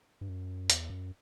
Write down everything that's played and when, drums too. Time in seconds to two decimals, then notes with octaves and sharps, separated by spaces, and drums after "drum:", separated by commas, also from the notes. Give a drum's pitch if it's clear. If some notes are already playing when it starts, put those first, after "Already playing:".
0.21 G2
0.28 F#2
0.70 E2, drum: hi-hat
0.90 F#2